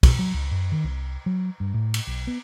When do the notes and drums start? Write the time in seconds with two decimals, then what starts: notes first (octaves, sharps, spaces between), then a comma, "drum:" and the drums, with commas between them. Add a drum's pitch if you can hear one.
0.03 B2, drum: kick, cymbal
0.19 F#3
0.34 C#2
0.51 F#2
0.72 D#3
0.84 C2
1.26 F#3
1.60 G2
1.74 A2
1.94 drum: cymbal
2.07 B1
2.27 B3